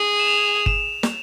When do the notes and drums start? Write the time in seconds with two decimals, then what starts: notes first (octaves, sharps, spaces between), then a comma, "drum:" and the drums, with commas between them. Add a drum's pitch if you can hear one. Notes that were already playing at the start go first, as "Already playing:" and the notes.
Already playing: G#4
0.20 E7
0.28 F7
0.66 E7, drum: kick G1
1.03 drum: snare